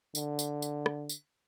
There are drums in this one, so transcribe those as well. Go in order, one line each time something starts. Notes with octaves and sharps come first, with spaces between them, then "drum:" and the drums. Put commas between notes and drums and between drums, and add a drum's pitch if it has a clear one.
D3, drum: tambourine
drum: tambourine
drum: tambourine
drum: rim click
drum: tambourine